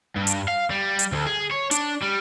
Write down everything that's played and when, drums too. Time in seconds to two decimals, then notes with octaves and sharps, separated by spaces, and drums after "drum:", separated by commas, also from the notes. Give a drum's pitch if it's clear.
0.16 G2
0.27 drum: hi-hat
0.48 F5
0.70 G3
0.99 drum: hi-hat
1.12 D2
1.27 G#4
1.51 C#5
1.71 D4, drum: hi-hat
2.02 G3